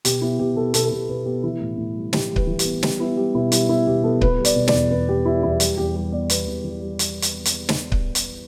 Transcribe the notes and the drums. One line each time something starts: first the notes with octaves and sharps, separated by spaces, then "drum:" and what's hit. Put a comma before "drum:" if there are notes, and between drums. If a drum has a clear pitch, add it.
B2 G4, drum: hi-hat
B3 E4
B2 G4
B2 A4
B2 A4, drum: hi-hat
A4
B2 G4
B2 B4
B3 G4
E3 E4
A2
A2
G3
E3 G4, drum: snare
G3
B4, drum: kick C#1
E3
G4, drum: hi-hat
B3
G3 G4, drum: snare
B3 E4
G3 G4
B2 E4
G3 E4, drum: hi-hat
B3 E4
B2 G4
B3 A4
B3 B4, drum: kick C#1
G3
D5, drum: hi-hat
B2
D5, drum: snare
E2
E2 B4
B3 G4
G3 E4
E2 E4
G3 G4, drum: hi-hat
E2 G4
G3 G4
B3 D5
B3 B4, drum: hi-hat
E2
E3
G3
drum: hi-hat
drum: hi-hat
drum: hi-hat
drum: snare
drum: kick C#1
drum: hi-hat